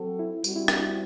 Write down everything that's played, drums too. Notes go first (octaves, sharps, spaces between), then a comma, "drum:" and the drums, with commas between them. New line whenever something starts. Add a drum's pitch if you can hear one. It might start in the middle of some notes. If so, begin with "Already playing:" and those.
Already playing: F#3 C4 F#4 A4
E4
G3 C4 F#4, drum: tambourine
E4
D4, drum: rim click
E4